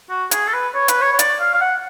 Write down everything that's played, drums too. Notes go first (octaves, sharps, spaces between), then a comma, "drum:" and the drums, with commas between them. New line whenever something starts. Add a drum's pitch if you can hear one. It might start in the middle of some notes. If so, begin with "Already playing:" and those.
F#4
G#4, drum: hi-hat
A4
B4
C#5
B4, drum: hi-hat
C#5
C#5
D5, drum: hi-hat
F5
F5
F#5